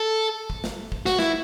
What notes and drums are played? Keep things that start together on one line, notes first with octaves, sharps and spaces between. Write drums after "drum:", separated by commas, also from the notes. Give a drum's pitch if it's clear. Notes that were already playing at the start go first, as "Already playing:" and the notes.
Already playing: A4
drum: kick
drum: snare
drum: kick
F#4, drum: snare
E4, drum: snare